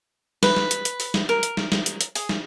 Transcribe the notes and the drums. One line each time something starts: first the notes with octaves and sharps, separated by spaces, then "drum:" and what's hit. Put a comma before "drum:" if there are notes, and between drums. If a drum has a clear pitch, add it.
B4, drum: snare
drum: snare
drum: hi-hat
drum: hi-hat
drum: open hi-hat
drum: snare
A#4
drum: hi-hat
drum: snare
drum: snare
drum: hi-hat
drum: hi-hat
G#4, drum: open hi-hat
drum: snare